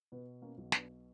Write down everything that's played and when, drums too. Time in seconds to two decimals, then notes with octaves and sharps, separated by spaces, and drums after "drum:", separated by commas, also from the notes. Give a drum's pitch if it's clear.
0.12 B2 B3
0.42 A#3 C#4
0.58 B1
0.72 B3 D4, drum: snare